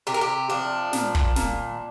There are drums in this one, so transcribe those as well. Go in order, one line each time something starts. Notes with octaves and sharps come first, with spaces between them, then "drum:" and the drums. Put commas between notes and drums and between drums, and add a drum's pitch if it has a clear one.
C3 G4
A#4
G4
F3 D4
A#2, drum: snare
drum: kick
A#2, drum: snare